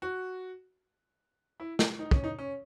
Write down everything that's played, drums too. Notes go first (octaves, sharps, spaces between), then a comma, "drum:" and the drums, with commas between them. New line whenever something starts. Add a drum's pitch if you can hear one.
F#4
E4
drum: snare
D#4
C#4, drum: kick
D#4
C#4